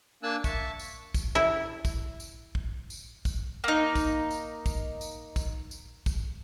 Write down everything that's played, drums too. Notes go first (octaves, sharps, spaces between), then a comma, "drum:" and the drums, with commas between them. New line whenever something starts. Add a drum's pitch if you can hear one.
A#3 D4 G#5 A5 E6 F#6
E5 A5 C#6, drum: kick, tambourine
drum: tambourine
drum: kick, tambourine
E4 E5
drum: kick, tambourine
drum: tambourine
drum: kick
drum: tambourine
drum: kick, tambourine
A#3 D#4
drum: kick, tambourine
drum: tambourine
drum: kick, tambourine
drum: tambourine
drum: kick, tambourine
drum: tambourine
drum: kick, tambourine